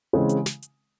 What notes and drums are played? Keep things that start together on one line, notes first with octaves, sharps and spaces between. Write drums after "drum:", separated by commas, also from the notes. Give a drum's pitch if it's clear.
C#3 E3 G#3 C4
drum: hi-hat
drum: snare
drum: hi-hat